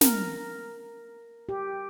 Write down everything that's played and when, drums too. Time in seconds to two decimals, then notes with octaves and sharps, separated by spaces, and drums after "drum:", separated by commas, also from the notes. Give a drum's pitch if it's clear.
0.01 A#4, drum: snare
1.49 G4